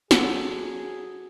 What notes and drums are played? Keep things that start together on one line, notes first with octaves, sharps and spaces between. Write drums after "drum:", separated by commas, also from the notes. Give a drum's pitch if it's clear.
F#3 B3 G#4 A4, drum: snare